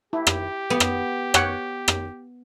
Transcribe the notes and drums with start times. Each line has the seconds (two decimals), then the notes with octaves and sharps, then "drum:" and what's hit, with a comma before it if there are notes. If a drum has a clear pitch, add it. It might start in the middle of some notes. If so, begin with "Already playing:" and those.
0.13 E4 G4
0.27 drum: rim click
0.70 B3
0.80 drum: rim click
1.34 C#5 F#5 G5, drum: rim click
1.88 drum: rim click